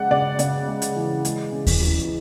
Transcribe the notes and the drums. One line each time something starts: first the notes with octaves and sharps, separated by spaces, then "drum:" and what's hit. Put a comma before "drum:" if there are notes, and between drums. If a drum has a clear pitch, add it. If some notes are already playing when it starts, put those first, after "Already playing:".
Already playing: C#3 G#3 D5 F#5
C#3 D5
C#3 D5, drum: hi-hat
G#3
drum: hi-hat
E3
G#3, drum: hi-hat
C#3
drum: kick D#2, open hi-hat
E2